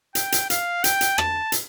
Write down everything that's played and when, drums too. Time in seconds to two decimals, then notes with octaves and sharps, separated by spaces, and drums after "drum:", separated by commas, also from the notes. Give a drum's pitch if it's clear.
0.15 G5, drum: hi-hat
0.32 drum: hi-hat
0.50 F5, drum: hi-hat
0.84 G5, drum: hi-hat
1.01 drum: hi-hat
1.18 A5, drum: rim click
1.52 drum: hi-hat